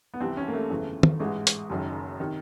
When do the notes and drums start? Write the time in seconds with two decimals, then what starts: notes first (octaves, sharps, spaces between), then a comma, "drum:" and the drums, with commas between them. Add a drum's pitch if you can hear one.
0.14 B3
0.21 C2 C3 E3 C4
0.37 C#4
0.48 A#3
0.53 A3
0.70 G1 F2 C#3 E3
1.03 drum: tom
1.20 A1 G#2 E3 G#3
1.47 drum: hi-hat
1.70 F#1 F#2 D#3
2.20 C3 D#3